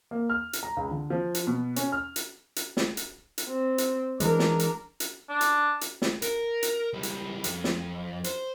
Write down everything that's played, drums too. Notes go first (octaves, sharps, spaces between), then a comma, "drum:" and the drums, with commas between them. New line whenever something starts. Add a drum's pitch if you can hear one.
A#3
F6
drum: hi-hat
A#5
C#2
D3
F3
drum: hi-hat
B2
C#4, drum: hi-hat
F6
drum: hi-hat
drum: hi-hat
drum: snare
drum: hi-hat
drum: hi-hat
C4
drum: hi-hat
E3 G#3 D4 A#4, drum: hi-hat
drum: snare
drum: hi-hat
drum: hi-hat
D4
drum: hi-hat
drum: hi-hat
drum: snare
A#4, drum: hi-hat
drum: hi-hat
C#2 G3
drum: hi-hat
F2, drum: hi-hat
drum: snare
C5, drum: hi-hat